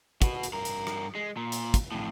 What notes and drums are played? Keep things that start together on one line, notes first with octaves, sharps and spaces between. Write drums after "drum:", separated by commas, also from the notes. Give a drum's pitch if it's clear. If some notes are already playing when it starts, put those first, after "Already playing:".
F#4 B4, drum: kick, hi-hat
drum: hi-hat
G2 A#4
drum: hi-hat
drum: rim click
G#3
A#2
drum: hi-hat
drum: kick, hi-hat
F2 A2